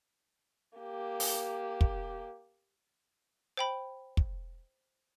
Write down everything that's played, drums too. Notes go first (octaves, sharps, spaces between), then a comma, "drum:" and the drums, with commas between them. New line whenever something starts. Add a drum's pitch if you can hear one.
A#3 G4
drum: open hi-hat
drum: kick
C5 G5 B5
drum: kick